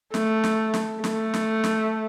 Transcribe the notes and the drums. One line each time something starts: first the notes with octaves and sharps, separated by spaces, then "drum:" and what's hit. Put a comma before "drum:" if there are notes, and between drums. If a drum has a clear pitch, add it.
A3, drum: snare
drum: snare
drum: snare
A3, drum: snare
drum: snare
drum: snare